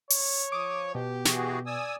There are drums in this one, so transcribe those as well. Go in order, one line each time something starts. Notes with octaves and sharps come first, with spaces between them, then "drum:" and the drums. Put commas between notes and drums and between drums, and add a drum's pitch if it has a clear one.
C#5, drum: open hi-hat
F3 D6 D#6
B2 G4
E3 F#4 G#4, drum: snare
D5 G#5 D#6 E6